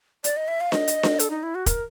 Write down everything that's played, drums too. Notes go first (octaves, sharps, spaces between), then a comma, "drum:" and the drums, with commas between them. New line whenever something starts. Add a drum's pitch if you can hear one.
D5, drum: hi-hat
D#5
E5
F5
D#5, drum: snare D4
drum: hi-hat
drum: snare D4
A4, drum: hi-hat
D#4
E4
F#4
A#4, drum: kick, hi-hat